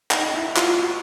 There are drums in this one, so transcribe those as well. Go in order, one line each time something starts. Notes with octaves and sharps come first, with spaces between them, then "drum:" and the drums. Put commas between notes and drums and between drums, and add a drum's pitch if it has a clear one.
D#4, drum: clap
D#4
E4
F4, drum: clap
F#4